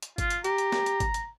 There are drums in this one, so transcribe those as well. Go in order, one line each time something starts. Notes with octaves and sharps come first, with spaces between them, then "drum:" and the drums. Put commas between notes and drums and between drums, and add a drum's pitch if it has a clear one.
drum: hi-hat
F4, drum: kick, hi-hat
drum: hi-hat
G4 A#5, drum: hi-hat
drum: hi-hat
drum: snare
drum: hi-hat
drum: kick, hi-hat
drum: hi-hat